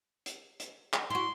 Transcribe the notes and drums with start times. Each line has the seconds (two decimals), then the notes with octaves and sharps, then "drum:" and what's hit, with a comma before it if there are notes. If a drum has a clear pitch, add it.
0.26 drum: hi-hat
0.60 drum: hi-hat
0.94 drum: clap
1.10 E4 F#4 C6